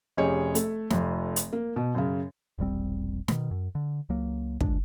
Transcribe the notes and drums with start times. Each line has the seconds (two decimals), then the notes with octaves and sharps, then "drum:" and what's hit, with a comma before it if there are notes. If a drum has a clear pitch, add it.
0.17 F1 C#4 G4 G#4 C#5 D#5
0.55 A3, drum: hi-hat
0.90 F1 F2, drum: snare
1.36 drum: hi-hat
1.53 A#3
1.76 B2
1.95 F#2 C#3
2.58 E1 A#1 G3 C4
3.28 B2 D#3, drum: snare
3.51 F#2
3.75 D3
4.09 C#2 F#3 A#3
4.61 G1 D2 G#3 D4, drum: kick